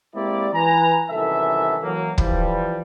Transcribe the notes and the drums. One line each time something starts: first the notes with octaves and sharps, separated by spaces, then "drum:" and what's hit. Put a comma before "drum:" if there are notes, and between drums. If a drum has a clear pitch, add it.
G#3 A#3 C4 E4 G4 D5
E3 B4 G#5 A#5
C2 F#2 D#3 E3 A4 E5
E3 F#3 A#3
E3 F3 G3, drum: kick